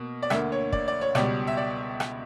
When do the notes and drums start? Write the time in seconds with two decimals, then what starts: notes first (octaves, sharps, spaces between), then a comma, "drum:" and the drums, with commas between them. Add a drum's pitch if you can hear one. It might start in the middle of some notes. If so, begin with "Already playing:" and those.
Already playing: B2 A#3
0.22 D5
0.30 D2 D3 A#3 E5, drum: rim click
0.52 C#5
0.73 D5, drum: kick
0.88 D5
1.01 C#5
1.15 C#2 B2 G3 D5, drum: rim click
1.47 E5
1.57 D5
2.00 drum: rim click